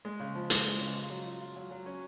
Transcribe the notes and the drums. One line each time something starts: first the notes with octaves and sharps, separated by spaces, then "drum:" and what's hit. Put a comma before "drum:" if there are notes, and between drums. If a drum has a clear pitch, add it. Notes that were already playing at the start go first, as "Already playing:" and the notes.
G#3
C#3
F3
G#3, drum: hi-hat
G#3
C#3
F4
F#3
F4
F4
F#3
F#3
C#4